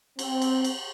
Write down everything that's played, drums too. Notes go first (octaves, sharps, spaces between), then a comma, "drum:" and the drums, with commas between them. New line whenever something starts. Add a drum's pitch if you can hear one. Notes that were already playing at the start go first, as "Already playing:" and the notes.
C4, drum: cymbal
drum: cymbal
drum: cymbal